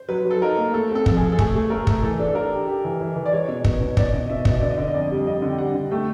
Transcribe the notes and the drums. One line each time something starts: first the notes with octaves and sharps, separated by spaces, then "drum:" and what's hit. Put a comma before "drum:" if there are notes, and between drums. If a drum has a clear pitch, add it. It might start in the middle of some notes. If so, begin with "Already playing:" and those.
Already playing: C5
F#3 B4
F#3
A4
D#4 A#4
A#3
A3 A4
C4 A4
F3 A4, drum: kick
G#4
F3
A4
A3 G#4, drum: kick
A3
A3 A#4
A3, drum: kick
E3 A4
D4
A4
D4 A#4
G4
G4
E3
E3
E3
D5
G#3 C#5
B2
B3, drum: kick
B2
B2 D5, drum: kick
B2 D#5
B2 E5
B2 D#5, drum: kick
D3 D5
D#5
D3 D5
D#5
F2 D5
G3
F2 D#5
D3
G5
G3 F#5
D3
A3 G5